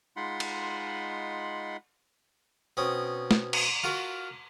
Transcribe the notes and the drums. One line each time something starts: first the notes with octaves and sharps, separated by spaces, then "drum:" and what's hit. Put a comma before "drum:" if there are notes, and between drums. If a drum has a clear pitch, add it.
G#3 D#4 F4 F#5 B5 C6
drum: cymbal
B2 C4 C#4 D#6
drum: snare
drum: cymbal
F4 F#4 A#4